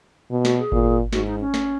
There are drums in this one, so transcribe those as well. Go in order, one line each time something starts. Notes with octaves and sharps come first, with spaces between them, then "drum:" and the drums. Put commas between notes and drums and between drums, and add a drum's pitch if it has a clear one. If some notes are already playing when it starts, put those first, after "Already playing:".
B2
F#4, drum: snare
G#4
A#2, drum: kick G#1
G#2 F#4, drum: snare
D#4
C#4
drum: snare